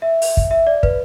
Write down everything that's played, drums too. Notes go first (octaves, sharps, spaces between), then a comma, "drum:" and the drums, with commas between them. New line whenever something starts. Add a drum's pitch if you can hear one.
E5
drum: open hi-hat
drum: kick
E5
D5
B4, drum: kick